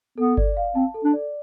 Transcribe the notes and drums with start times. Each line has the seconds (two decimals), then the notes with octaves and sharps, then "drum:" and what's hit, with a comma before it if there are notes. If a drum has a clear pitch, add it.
0.18 B3 A4
0.37 D5, drum: kick G1
0.57 F5
0.75 C4 A5
0.94 A4
1.04 D4
1.13 D5